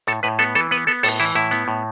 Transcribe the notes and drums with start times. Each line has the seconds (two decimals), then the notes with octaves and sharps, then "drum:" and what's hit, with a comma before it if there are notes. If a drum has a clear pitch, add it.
0.07 A2 A4, drum: hi-hat
0.23 A2 B4
0.39 B3 A4
0.55 E3 A4, drum: hi-hat
0.71 B3 B4
0.87 B3 A4
1.03 A2 A4, drum: open hi-hat
1.20 E3 E4
1.35 A2 E4
1.51 B3, drum: hi-hat
1.68 A2